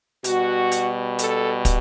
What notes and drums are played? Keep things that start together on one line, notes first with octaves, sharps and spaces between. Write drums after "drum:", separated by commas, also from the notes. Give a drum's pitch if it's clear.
B2 G3 F#4, drum: hi-hat
drum: hi-hat
A4, drum: hi-hat
drum: kick, hi-hat